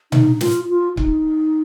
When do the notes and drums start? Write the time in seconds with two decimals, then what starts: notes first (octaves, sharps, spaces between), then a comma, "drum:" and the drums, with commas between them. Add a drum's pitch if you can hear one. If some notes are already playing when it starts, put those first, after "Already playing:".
0.12 D#4, drum: tom A#2
0.41 F4, drum: snare
0.69 F4
0.97 D#4, drum: kick C#1